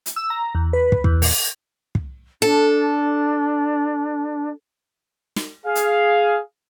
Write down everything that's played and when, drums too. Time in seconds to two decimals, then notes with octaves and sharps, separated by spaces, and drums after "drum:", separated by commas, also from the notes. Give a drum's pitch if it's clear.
0.06 drum: hi-hat
0.16 E6
0.30 A#5
0.55 E2
0.73 B4
0.92 drum: kick
1.04 E2, drum: kick
1.22 A#2, drum: open hi-hat
1.95 drum: kick
2.42 D4 A4
5.36 drum: snare
5.66 G#4 F5
5.75 drum: hi-hat